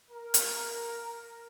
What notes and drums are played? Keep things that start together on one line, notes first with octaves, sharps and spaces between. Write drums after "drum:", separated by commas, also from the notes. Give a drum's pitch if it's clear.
A#4
drum: hi-hat